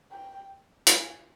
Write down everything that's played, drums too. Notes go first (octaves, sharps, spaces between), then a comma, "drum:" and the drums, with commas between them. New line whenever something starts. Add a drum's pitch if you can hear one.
G5
drum: hi-hat
G#5